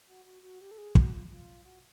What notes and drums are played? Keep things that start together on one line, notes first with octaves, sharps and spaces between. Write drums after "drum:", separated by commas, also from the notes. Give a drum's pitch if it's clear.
F#4
F#4
F#4
G4
A4
G#4
F#4, drum: kick
F4
F4
F#4